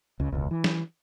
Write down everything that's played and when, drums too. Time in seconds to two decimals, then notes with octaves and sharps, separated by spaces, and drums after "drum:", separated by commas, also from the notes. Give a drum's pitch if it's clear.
0.20 C#2 C#3
0.32 E1 C#2
0.51 E3
0.64 drum: snare